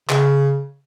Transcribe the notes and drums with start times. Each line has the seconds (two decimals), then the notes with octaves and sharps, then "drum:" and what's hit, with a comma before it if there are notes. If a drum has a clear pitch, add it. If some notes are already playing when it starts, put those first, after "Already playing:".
0.09 C#3, drum: clap